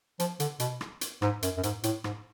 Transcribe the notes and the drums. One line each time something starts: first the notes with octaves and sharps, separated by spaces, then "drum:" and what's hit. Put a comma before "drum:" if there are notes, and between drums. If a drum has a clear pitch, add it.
F3, drum: hi-hat
D3, drum: hi-hat
B2, drum: hi-hat
drum: rim click
drum: hi-hat
G#2, drum: rim click
F#2, drum: hi-hat
F#2
G#2, drum: hi-hat
A2, drum: hi-hat
G#2, drum: rim click